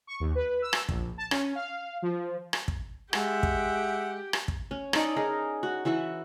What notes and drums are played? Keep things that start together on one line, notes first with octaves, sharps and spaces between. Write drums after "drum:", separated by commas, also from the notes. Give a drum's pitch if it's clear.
C#6
D#2
B4
E6
drum: rim click
A#1, drum: kick
A5
C#4, drum: rim click
F5
F3
drum: rim click
drum: kick
G#3 G4 E5 F#5, drum: rim click
drum: kick
drum: rim click
drum: kick
C#4
C#4 D#4 A4 D5, drum: rim click
D#4 G#4 A#4
F#4
E3 F#4 E5 C#6